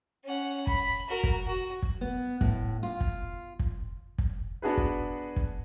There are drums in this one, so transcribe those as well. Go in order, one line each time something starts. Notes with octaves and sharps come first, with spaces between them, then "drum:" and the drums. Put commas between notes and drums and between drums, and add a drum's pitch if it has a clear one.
C#4 F#5
B5, drum: kick
F#4 A#4
drum: kick
F#4
drum: kick
B3
A2, drum: kick
F4
drum: kick
drum: kick
drum: kick
B3 D4 F#4 G#4 B4
drum: kick
drum: kick